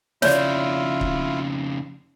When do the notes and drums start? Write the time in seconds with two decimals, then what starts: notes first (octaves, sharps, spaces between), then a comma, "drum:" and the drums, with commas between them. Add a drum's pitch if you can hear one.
0.22 F2 C#3 E4 F4 C#5 D5, drum: snare
1.01 drum: kick C#1